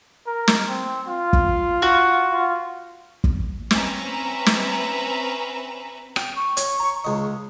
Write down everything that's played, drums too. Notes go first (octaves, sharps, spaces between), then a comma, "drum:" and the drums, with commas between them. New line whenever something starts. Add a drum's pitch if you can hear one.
A#4
drum: snare
C4
F4
drum: kick
F#4
F4
drum: kick
C4 C#4 B4 E5 A#5, drum: snare
drum: snare
G5, drum: rim click
C#6
C#5, drum: hi-hat
A#5
C#2 D#5